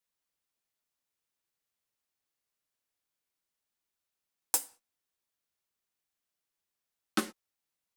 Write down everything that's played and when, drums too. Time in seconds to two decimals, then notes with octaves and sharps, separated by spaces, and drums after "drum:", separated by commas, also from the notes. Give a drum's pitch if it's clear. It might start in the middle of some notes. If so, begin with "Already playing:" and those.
0.24 D#3
0.62 C5
1.43 C4 C#4 G4 A4 B4 C5
4.54 drum: hi-hat
5.24 A3 C4 D#5
6.59 E3 A5
7.17 drum: snare